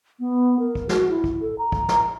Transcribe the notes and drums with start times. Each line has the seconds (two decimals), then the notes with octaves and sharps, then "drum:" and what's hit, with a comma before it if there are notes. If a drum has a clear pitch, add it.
0.19 B3
0.59 A#4
0.75 drum: kick
0.89 F#4, drum: snare
1.09 E4
1.24 drum: kick
1.41 A4
1.58 A#5
1.72 drum: kick
1.89 drum: snare